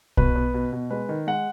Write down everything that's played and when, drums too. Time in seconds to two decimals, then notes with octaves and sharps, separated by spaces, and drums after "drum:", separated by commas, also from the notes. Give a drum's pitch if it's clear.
0.17 B2 B4, drum: kick
0.36 B3
0.54 B2
0.72 B2
0.91 G#3 B4
1.09 D#3
1.27 G#3 F#5